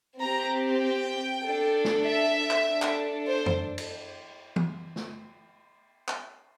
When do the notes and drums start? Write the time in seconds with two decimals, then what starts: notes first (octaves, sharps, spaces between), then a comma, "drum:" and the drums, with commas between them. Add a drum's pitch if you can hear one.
0.22 C4 G4 A#5
0.84 G5
1.44 D4 A4
1.85 drum: snare
2.06 E5
2.51 drum: clap
2.67 D4 A4
2.82 drum: clap
3.27 C5
3.46 drum: tom F2
3.78 drum: cymbal
4.56 drum: tom E3
4.96 drum: snare
6.08 drum: clap